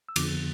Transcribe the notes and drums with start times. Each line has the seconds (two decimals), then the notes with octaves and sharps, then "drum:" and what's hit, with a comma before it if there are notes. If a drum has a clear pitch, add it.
0.09 E6
0.16 F2 D3 F3 B3 D6, drum: cymbal